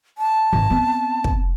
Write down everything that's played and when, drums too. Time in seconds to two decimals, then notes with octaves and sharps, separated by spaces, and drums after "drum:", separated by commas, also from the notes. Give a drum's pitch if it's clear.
0.18 A5
0.53 G#1
0.70 B3 C4
1.24 drum: kick